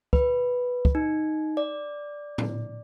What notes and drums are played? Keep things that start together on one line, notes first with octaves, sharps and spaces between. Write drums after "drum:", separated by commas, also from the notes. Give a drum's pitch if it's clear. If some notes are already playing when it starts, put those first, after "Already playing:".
B4, drum: kick
drum: kick
D#4
D5
drum: tom A2